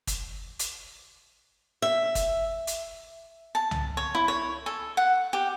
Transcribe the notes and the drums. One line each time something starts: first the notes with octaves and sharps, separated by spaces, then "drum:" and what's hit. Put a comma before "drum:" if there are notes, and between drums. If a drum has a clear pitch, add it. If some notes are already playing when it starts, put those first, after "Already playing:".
drum: kick G1, hi-hat
drum: hi-hat
E5
drum: kick G1, hi-hat
drum: hi-hat
A5
drum: tom C2
C#5
E4
C#5
A4
F#5
G4